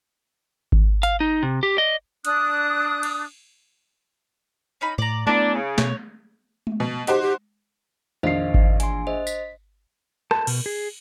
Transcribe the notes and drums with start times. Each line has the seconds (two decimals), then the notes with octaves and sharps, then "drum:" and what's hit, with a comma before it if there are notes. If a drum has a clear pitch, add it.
0.72 drum: kick G#1
1.03 F5, drum: hi-hat
1.20 D#4
1.43 C3
1.63 G4
1.77 D5 D#5
2.25 D4 D#6 F#6, drum: hi-hat
3.03 drum: cymbal
4.81 C#4 D#4 B5
4.98 A2 D5 A#5
5.27 A3 B3 D4 E4 G#5 A#5
5.54 C#3
5.78 B2 A3 C#5, drum: snare
6.67 drum: tom G#3
6.80 B2
7.07 D#4 F#4 G4 C5, drum: hi-hat
7.22 G4
8.23 A#1 F2 D#3 C5 D#5 F5 C7
8.54 drum: kick G#1
8.80 E3 G#5 C6, drum: hi-hat
9.07 G#4 C5 D#5 E5
9.27 B6, drum: tambourine
10.31 A5, drum: rim click
10.47 B2, drum: cymbal
10.66 G#4